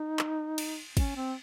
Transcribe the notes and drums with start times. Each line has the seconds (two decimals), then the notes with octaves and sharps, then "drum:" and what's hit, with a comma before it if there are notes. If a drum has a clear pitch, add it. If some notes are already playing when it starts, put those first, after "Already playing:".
Already playing: D#4
0.19 drum: clap
0.58 drum: cymbal
0.97 C#4, drum: kick, cymbal
1.16 C4